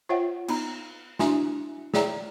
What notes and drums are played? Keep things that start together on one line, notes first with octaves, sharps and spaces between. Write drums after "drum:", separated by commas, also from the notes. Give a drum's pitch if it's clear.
F4 C5 C#5 E5 F#5 G5
B3 D#4 A#5, drum: cymbal
D4 E4 F#4 E5 G#5 C6, drum: snare
G#4 C#5 D5 E5 G5 A#5, drum: snare